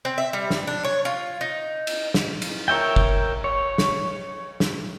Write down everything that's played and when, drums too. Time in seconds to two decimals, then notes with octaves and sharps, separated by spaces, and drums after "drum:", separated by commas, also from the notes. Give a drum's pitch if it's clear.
0.05 C4
0.18 E5
0.33 G3
0.50 drum: snare
0.67 D4
0.85 C#5
1.05 F4
1.41 D#4
1.87 drum: cymbal
2.14 drum: snare
2.42 drum: cymbal
2.68 A#4 C#5 E5 G5
2.96 drum: kick
3.44 C#5
3.78 drum: snare
4.60 drum: snare